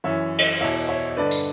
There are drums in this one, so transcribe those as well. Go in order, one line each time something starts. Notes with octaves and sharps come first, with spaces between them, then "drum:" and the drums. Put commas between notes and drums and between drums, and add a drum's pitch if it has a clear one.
F#2 E3 C#5 E5
drum: cymbal
E2 B2 C#5 E5
C#5 E5
G2 D3 B4 D5
drum: tambourine